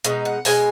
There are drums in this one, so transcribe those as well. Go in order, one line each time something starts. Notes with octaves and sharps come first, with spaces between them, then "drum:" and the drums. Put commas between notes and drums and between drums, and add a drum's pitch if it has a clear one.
B2 G#3 D#4 F#5, drum: hi-hat
F#5
B2 G#3 G#5, drum: open hi-hat